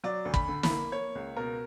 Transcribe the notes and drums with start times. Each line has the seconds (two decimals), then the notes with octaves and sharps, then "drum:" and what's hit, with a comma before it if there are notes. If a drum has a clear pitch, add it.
0.04 F#3 D5
0.25 D2
0.34 B5, drum: kick
0.48 D3
0.63 B5, drum: snare
0.70 A#3
0.92 A#3 C#5
1.15 C#2
1.36 B2 A#4